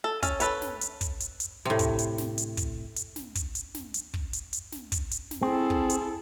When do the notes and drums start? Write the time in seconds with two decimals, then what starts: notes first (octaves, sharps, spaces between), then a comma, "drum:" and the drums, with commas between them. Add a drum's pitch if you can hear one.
0.04 A4
0.23 C#4 A4, drum: kick, hi-hat
0.40 A4 B4 C#5, drum: hi-hat
0.62 drum: snare
0.81 drum: hi-hat
1.01 drum: kick, hi-hat
1.20 drum: hi-hat
1.40 drum: hi-hat
1.65 A2 C3
1.79 drum: kick, hi-hat
1.99 drum: hi-hat
2.18 drum: snare
2.38 drum: hi-hat
2.57 drum: kick, hi-hat
2.96 drum: hi-hat
3.16 drum: snare
3.35 drum: kick, hi-hat
3.55 drum: hi-hat
3.75 drum: snare
3.94 drum: hi-hat
4.14 drum: kick
4.33 drum: hi-hat
4.53 drum: hi-hat
4.72 drum: snare
4.92 drum: kick, hi-hat
5.11 drum: hi-hat
5.31 drum: snare
5.43 C4 E4 G#4 A4
5.70 drum: kick
5.90 drum: hi-hat